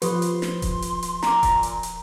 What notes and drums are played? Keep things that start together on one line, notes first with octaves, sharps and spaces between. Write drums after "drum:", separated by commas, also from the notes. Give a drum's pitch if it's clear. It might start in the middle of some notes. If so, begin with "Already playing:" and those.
F3 G4 A4 B4 C6, drum: hi-hat
drum: hi-hat
drum: snare
drum: kick D#1, hi-hat
drum: hi-hat
drum: hi-hat
A#2 A#4 A#5 D6, drum: snare
drum: kick D#1, hi-hat
drum: hi-hat
drum: hi-hat